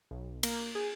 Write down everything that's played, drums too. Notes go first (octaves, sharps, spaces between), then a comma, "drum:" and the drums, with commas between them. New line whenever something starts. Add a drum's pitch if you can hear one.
B1
A#3, drum: cymbal
G#4